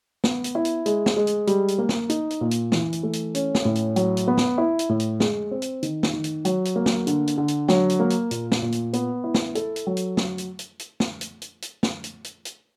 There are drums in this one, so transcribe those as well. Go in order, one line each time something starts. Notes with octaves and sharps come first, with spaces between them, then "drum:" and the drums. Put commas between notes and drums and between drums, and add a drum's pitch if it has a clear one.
B3, drum: snare
drum: hi-hat
E4
drum: hi-hat
G#3, drum: hi-hat
drum: snare
G#3
drum: hi-hat
G3, drum: hi-hat
drum: hi-hat
A#3
drum: snare
D#4, drum: hi-hat
drum: hi-hat
A#2
drum: hi-hat
E3, drum: snare
drum: hi-hat
A3
drum: hi-hat
C#4, drum: hi-hat
drum: snare
A2
drum: hi-hat
F#3, drum: hi-hat
drum: hi-hat
B3
drum: snare
E4
drum: hi-hat
A2
drum: hi-hat
G#3, drum: snare
C4
drum: hi-hat
D#3, drum: hi-hat
drum: snare
D#3
drum: hi-hat
F#3, drum: hi-hat
drum: hi-hat
A#3
drum: snare
D3, drum: hi-hat
drum: hi-hat
D3
drum: hi-hat
F#3, drum: snare
drum: hi-hat
A#3
drum: hi-hat
A#2, drum: hi-hat
drum: snare
A#2
drum: hi-hat
B3, drum: hi-hat
E4
drum: snare
A4, drum: hi-hat
drum: hi-hat
F#3
drum: hi-hat
drum: snare
drum: hi-hat
drum: hi-hat
drum: hi-hat
drum: snare
drum: hi-hat
drum: hi-hat
drum: hi-hat
drum: snare
drum: hi-hat
drum: hi-hat
drum: hi-hat